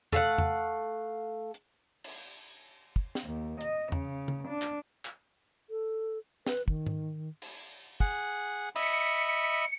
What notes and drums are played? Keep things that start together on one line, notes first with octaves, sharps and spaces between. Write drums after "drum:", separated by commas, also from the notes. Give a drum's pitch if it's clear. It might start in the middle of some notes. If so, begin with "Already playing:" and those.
A3 F5 F#5, drum: tom E2
drum: tom E2
drum: hi-hat
drum: cymbal
drum: kick
drum: snare
D#2
D#5, drum: hi-hat
C#3, drum: tom E2
drum: tom C#3
D4
drum: clap
drum: clap
A4
B4, drum: snare
D#3, drum: kick
drum: tom G#2
drum: cymbal
G#4 F#5, drum: kick
D#5 E5 B5 C#7, drum: cymbal